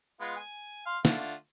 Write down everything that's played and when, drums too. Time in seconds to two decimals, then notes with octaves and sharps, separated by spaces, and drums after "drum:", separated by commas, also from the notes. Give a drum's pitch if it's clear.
0.21 G#3 B3 F4
0.37 G#5
0.86 F5 C6
1.05 D3 A3 F4, drum: snare